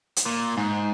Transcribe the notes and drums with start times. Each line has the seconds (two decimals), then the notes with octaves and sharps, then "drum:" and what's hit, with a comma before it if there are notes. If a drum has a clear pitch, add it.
0.16 drum: hi-hat
0.26 A#2
0.58 G#2